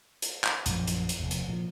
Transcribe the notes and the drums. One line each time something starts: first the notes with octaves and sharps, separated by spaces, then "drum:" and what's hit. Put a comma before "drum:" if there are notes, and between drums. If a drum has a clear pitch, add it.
drum: hi-hat
drum: clap
A#1 F#2 F3, drum: hi-hat
drum: hi-hat
drum: hi-hat
F1 E2
drum: hi-hat
A#2 F3